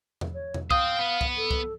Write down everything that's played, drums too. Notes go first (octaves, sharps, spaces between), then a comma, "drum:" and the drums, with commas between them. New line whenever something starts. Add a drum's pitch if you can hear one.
drum: tom E2
C#5
drum: tom E2
C5 F5 G5 D#6, drum: kick C2
B3
drum: kick C2
A4
drum: kick C2